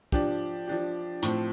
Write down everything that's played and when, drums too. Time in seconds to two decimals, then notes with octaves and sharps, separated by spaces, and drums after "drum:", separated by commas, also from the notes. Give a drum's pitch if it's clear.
0.12 F3 D4 G4, drum: kick
0.68 F3 D4 G4
1.23 A2 F3 C4, drum: hi-hat